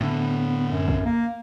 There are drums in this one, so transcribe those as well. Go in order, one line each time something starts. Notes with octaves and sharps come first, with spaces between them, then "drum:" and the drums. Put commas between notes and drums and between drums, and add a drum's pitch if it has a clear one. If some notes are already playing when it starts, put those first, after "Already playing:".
A2 D3 B3
F#2
drum: kick
A#3